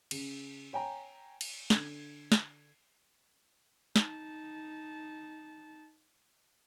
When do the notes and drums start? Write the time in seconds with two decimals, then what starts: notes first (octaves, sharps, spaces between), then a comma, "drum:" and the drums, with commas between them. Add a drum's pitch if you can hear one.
0.11 C#3, drum: cymbal
0.73 C#5 G5 G#5 A#5
1.41 drum: cymbal
1.70 D3 G#6, drum: snare
2.32 drum: snare
3.96 D#4 A5, drum: snare